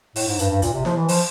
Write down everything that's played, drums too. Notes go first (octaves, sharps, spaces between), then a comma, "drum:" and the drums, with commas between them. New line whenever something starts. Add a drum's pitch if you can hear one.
A2, drum: open hi-hat
G#2
G2, drum: hi-hat
G2
A#2, drum: kick, hi-hat
C3
F3, drum: snare E4
E3
F3, drum: open hi-hat